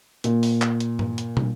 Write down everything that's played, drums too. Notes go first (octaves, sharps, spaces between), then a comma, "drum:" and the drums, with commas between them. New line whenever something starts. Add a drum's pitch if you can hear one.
A#2, drum: hi-hat
drum: open hi-hat
drum: clap
drum: hi-hat
drum: tom G2
drum: hi-hat
drum: tom